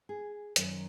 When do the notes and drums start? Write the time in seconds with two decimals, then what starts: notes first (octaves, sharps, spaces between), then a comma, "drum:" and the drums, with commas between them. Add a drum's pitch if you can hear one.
0.09 G#4
0.56 F#2 D#3, drum: hi-hat